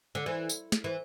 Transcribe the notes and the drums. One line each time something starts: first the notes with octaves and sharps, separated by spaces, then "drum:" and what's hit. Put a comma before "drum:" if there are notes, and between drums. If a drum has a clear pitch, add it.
D3
E3
drum: tambourine
drum: snare
E3